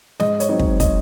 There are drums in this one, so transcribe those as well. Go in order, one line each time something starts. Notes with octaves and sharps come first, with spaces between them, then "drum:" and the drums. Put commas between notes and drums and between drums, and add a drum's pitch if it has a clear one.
G#2 D#5, drum: snare
C#5, drum: hi-hat
F#3 C4 D#4 D#5
drum: kick
D#5, drum: kick, hi-hat